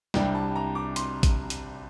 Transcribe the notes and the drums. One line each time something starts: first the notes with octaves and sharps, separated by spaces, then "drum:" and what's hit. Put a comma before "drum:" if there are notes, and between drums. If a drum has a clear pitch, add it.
C2 C3 G3 D4 G5, drum: snare
A5
A#5
D6
C6, drum: hi-hat
drum: kick A1, hi-hat
drum: hi-hat